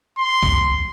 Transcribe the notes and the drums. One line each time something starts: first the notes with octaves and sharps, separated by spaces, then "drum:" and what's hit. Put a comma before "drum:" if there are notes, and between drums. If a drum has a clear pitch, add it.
C6
drum: kick C2